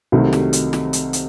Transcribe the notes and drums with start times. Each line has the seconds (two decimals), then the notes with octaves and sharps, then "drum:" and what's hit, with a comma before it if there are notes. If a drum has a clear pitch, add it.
0.12 C2 C3 D#3 F#3 A3
0.33 drum: snare
0.53 drum: hi-hat
0.73 drum: snare
0.93 drum: hi-hat
1.13 drum: hi-hat